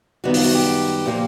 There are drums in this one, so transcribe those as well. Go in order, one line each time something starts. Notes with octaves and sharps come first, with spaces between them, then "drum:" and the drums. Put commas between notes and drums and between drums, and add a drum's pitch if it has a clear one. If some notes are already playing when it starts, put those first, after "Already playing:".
F#2 D#3 G3 B3 F#4
F4, drum: open hi-hat
F#4
G4
A#2 F3 A#3